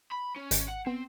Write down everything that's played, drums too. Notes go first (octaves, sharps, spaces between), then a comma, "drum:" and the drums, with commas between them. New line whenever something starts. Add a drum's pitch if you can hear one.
B5
C#4
G#1, drum: hi-hat
F#5
B3 C4